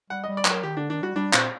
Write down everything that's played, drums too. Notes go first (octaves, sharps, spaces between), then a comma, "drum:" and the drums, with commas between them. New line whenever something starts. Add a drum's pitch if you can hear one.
G3 F#5
D#5
G3
D5
F#3, drum: clap
A#4
D#3 G4
D3 D4
D#3 D4
G3 F#4
G3 D4
A#2 C4, drum: clap